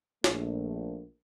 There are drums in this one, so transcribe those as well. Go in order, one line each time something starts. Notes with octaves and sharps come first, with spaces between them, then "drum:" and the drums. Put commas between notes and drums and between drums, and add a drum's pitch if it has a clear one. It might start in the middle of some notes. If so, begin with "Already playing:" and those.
A#1 A3, drum: snare